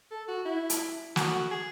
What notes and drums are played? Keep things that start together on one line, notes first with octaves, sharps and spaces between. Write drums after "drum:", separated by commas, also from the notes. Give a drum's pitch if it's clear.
A4
F#4
E4
drum: hi-hat
F#4, drum: snare
G#4